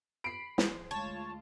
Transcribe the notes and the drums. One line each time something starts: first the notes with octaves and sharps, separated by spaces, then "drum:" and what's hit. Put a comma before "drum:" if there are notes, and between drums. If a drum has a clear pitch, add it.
B5 C7 D7
F3 G#4 C5, drum: snare
D2 G#3 F4 C#5 A5